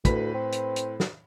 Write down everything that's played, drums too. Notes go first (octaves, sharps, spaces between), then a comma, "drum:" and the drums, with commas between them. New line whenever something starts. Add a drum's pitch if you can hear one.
D2 A2 B4 B6, drum: kick, hi-hat
C4
drum: hi-hat
drum: hi-hat
drum: snare